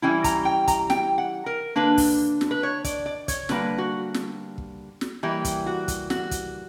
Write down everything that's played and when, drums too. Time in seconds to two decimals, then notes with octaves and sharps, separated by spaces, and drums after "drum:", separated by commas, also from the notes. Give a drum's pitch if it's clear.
0.02 E3 G3 C#4 E4 G5
0.24 A#5, drum: kick, hi-hat
0.45 G5
0.67 A#5, drum: kick, hi-hat
0.90 G5, drum: snare
1.18 F#5
1.46 A#4
1.76 D3 A#3 D4 B4
1.98 drum: kick, open hi-hat
2.41 drum: snare
2.51 B4
2.63 C#5
2.84 D5, drum: kick, hi-hat
3.06 D5
3.28 C#5, drum: kick, hi-hat
3.49 D3 G3 A#3 B4, drum: snare
3.78 F#4
4.14 drum: snare
4.58 drum: kick
5.01 drum: snare
5.23 E3 G3 A#3 G4
5.45 drum: kick, hi-hat
5.66 F#4
5.88 drum: kick, hi-hat
6.10 F#4, drum: snare
6.31 drum: kick, hi-hat